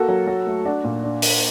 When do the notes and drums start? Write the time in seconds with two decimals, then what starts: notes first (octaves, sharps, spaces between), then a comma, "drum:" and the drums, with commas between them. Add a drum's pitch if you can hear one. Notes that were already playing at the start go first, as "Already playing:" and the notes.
Already playing: A#3 F#4 A4
0.09 F#3
0.27 F#3
0.47 A3
0.65 D4 F#4
0.84 A#2
1.03 D4
1.22 A#3, drum: open hi-hat